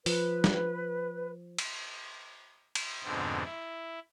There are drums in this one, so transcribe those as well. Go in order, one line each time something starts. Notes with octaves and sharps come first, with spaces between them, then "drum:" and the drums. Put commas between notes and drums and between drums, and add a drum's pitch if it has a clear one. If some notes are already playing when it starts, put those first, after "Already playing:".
F3 B4, drum: open hi-hat
drum: snare
drum: cymbal
drum: cymbal
F2 G#2 B2 D3 C4
E4